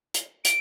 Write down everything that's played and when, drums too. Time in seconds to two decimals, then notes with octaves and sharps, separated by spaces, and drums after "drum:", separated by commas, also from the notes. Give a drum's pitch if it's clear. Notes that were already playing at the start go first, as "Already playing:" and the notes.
0.14 drum: hi-hat
0.45 D7, drum: hi-hat